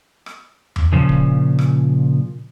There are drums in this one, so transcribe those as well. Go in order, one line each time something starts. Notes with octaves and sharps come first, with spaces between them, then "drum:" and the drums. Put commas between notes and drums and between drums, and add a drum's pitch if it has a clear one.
drum: rim click
drum: tom E2
A#2 C#3 F3
drum: kick
drum: rim click